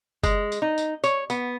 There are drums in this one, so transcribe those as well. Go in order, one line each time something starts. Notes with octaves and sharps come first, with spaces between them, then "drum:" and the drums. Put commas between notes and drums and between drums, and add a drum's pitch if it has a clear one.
G#3, drum: kick, tambourine
drum: tambourine
D#4
drum: tambourine
C#5, drum: tambourine
B3, drum: tambourine